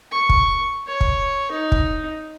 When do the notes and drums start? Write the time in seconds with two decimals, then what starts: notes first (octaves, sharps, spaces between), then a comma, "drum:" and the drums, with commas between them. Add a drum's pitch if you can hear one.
0.12 C#6
0.29 drum: kick
0.87 C#5
1.01 drum: kick
1.51 D#4
1.72 drum: kick